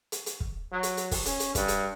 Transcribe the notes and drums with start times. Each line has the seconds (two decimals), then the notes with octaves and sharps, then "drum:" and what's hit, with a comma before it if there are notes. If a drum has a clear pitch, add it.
0.12 drum: hi-hat
0.26 drum: hi-hat
0.40 drum: kick
0.72 F#3
0.83 drum: hi-hat
0.97 drum: hi-hat
1.11 drum: kick, open hi-hat
1.26 C#4, drum: hi-hat
1.40 drum: hi-hat
1.55 G2, drum: kick, hi-hat
1.68 drum: hi-hat